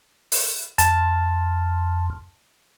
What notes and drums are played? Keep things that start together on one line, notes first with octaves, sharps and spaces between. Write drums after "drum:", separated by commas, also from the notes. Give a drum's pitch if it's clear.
drum: open hi-hat
F2 A5, drum: hi-hat